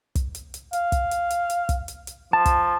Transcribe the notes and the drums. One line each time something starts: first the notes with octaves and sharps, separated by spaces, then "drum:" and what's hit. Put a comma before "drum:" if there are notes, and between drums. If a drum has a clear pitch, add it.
drum: kick, hi-hat
drum: hi-hat
drum: hi-hat
F5, drum: hi-hat
drum: kick, hi-hat
drum: hi-hat
drum: hi-hat
drum: hi-hat
drum: kick, hi-hat
drum: hi-hat
drum: hi-hat
F3 A5
drum: kick, hi-hat